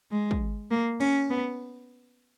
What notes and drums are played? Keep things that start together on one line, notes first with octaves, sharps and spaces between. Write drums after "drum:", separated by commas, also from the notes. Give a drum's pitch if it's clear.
G#3
drum: kick
A#3
C#4, drum: cymbal
B3